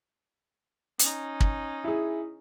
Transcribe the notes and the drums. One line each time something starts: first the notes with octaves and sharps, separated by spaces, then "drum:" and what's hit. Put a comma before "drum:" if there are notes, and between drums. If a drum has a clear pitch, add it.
C#4 D#4, drum: hi-hat
drum: kick
E4 G#4